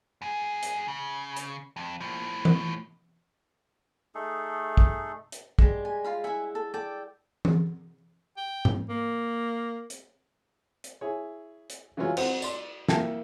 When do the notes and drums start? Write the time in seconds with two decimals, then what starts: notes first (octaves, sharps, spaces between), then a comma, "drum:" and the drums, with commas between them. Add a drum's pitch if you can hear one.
0.22 F#2 G#4
0.63 drum: hi-hat
0.88 C#3
1.37 drum: hi-hat
1.76 F2
2.00 A2 F3
2.45 drum: tom E3
4.15 A3 D#4 G#4 A4
4.77 drum: kick
5.32 drum: hi-hat
5.59 G3 G#3, drum: kick
5.85 G#5
6.04 F4 F5 B5
6.24 E4 E5 F#5 G#5
6.55 A4
6.74 A4 D5 G5
7.45 drum: tom E3
8.37 G5
8.65 drum: tom G#2
8.89 A#3
9.90 drum: hi-hat
10.84 drum: hi-hat
11.01 E4 G#4 C#5
11.70 drum: hi-hat
11.97 C#3 E3 F#3 G#3 F4 C#5
12.17 C4 C5 F#5, drum: cymbal
12.42 D5 C6, drum: tambourine
12.88 A#3 E4 A4 G5 A5, drum: snare